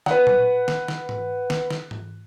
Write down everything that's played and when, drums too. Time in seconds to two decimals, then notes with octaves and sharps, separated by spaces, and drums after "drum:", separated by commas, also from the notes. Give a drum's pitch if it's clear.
0.06 B4 F#5, drum: snare
0.27 drum: tom A#2
0.68 drum: snare
0.88 drum: snare
1.09 drum: tom
1.50 drum: snare
1.70 drum: snare
1.91 drum: tom